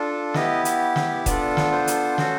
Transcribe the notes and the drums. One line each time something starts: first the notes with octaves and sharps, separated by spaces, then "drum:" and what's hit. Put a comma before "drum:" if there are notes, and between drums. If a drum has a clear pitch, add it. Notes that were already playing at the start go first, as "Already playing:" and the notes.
Already playing: D4 F4 A4
B3 E4 G4 D#5, drum: snare
drum: hi-hat
drum: snare
B3 D4 F4 A4 D5, drum: kick D#1, hi-hat
drum: snare
C5
drum: hi-hat
C#4 F#4 A4, drum: snare